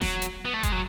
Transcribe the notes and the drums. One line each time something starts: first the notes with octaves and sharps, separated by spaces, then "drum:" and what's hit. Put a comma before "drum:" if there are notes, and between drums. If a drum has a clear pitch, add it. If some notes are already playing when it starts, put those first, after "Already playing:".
F#3, drum: snare E1
drum: hi-hat
B3
A3
G#3, drum: kick F#1, hi-hat
F#3